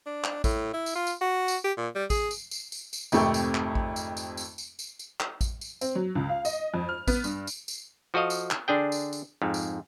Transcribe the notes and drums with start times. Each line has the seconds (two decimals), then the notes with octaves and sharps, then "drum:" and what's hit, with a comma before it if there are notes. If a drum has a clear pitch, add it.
0.06 D4
0.24 drum: clap
0.44 A2, drum: kick A1, tambourine
0.74 E4
0.86 drum: tambourine
0.96 F4
1.07 drum: tambourine
1.21 F#4
1.48 drum: tambourine
1.65 G4
1.77 A#2
1.95 G3
2.10 G#4, drum: kick A1, tambourine
2.31 drum: tambourine
2.51 drum: tambourine
2.72 drum: tambourine
2.93 drum: tambourine
3.12 G#1 F2 C3 A3 G5 C#6, drum: tambourine
3.34 drum: tambourine
3.55 drum: clap
3.75 drum: kick A1
3.96 drum: tambourine
4.17 drum: tambourine
4.37 drum: tambourine
4.58 drum: tambourine
4.79 drum: tambourine
4.99 drum: tambourine
5.20 drum: clap
5.41 drum: kick A1, tambourine
5.61 drum: tambourine
5.81 C4, drum: tambourine
5.95 F#3
6.15 C#2
6.29 F5
6.45 D#5, drum: tambourine
6.74 F2
6.89 F6
7.08 B3, drum: kick A1, tambourine
7.24 G2, drum: tambourine
7.47 drum: tambourine
7.68 drum: tambourine
8.14 F3 F#4 A4 D#5 F5
8.30 drum: tambourine
8.51 drum: clap
8.68 D3 D4 G#4 G5
8.92 drum: tambourine
9.13 drum: tambourine
9.42 F2 G#2
9.54 drum: tambourine